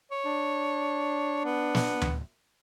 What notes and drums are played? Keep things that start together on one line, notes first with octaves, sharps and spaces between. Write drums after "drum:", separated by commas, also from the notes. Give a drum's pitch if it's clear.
C#5
D4
B3
drum: snare
drum: tom D2